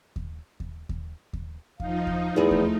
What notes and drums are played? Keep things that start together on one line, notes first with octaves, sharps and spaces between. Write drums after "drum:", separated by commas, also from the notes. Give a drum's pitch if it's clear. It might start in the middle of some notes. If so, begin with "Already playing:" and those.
drum: kick D#2
drum: kick D#2
drum: kick D#2
drum: kick D#2
F3 D#4 F5, drum: kick D#2
drum: kick D#2
E2 A3 E4 G#4
drum: kick D#2